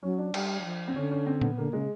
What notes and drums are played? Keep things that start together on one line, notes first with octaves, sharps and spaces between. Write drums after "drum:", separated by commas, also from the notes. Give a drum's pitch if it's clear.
F#3 C#4
D4
G3, drum: cymbal
F#3
F3
C4
D3 C#4
C#4
C4
B3, drum: tom A#2
D3 A#3
C#3 G#3